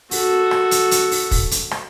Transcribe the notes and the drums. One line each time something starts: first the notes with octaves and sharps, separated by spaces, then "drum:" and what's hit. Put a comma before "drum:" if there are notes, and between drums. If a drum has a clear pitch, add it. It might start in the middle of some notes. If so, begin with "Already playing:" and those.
F#4 A4, drum: open hi-hat
drum: rim click
drum: hi-hat
drum: hi-hat
drum: open hi-hat
drum: kick, open hi-hat
drum: hi-hat
drum: rim click